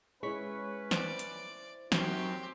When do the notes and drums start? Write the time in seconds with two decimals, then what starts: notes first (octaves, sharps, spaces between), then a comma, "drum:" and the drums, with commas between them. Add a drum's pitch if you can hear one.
0.23 G#3 C#4 E4 B4 C#5 C#6 B6
0.91 C5 D5 D6, drum: snare
1.19 drum: hi-hat
1.92 F#2 F#3 C4 D#4 G4, drum: snare